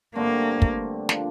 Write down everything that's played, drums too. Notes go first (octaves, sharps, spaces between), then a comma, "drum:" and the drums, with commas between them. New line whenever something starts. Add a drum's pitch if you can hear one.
G2 D3 A3 A#3 C4
drum: kick
F3 A#3 D4, drum: snare